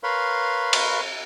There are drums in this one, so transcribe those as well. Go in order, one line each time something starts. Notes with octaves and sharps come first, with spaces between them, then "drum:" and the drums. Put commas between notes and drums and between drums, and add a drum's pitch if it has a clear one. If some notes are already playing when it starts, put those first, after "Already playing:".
A#4 B4 C#5 F5 B5 C6
drum: cymbal